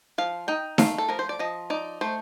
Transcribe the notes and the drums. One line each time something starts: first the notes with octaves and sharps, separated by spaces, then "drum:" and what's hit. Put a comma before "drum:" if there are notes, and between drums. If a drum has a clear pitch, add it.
F3 F5
D#4 G5
A3 F5, drum: snare D#4
A4
F3 A#4
C5
D5
F3 D#5
D#4 D5
A3 C5